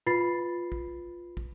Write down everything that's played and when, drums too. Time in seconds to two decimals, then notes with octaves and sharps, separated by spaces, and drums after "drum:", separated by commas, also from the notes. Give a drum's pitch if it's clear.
0.06 F4 B4 B5 A6 C7
0.72 drum: kick
1.37 drum: kick